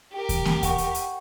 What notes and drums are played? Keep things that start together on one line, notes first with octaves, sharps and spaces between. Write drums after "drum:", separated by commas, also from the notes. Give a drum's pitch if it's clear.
G4 A#4
drum: kick D#2, hi-hat
drum: snare A#3
F#5 G5 C#6, drum: kick D#2, hi-hat
drum: hi-hat
drum: hi-hat